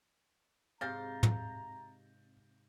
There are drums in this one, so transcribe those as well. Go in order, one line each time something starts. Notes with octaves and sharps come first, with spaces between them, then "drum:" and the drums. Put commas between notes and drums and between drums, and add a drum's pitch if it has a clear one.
G#2 C3 F5 A#5 G6 A6 A#6
drum: tom